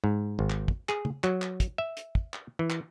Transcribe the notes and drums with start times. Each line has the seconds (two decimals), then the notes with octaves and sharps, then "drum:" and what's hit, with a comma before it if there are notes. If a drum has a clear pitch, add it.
0.04 G#2
0.39 G#1
0.50 drum: clap
0.68 drum: kick
0.89 G#4, drum: clap
1.05 drum: tom
1.24 F#3, drum: clap
1.42 drum: clap
1.60 drum: kick, hi-hat
1.78 E5
1.97 drum: hi-hat
2.15 drum: kick
2.33 drum: clap
2.59 E3
2.70 drum: clap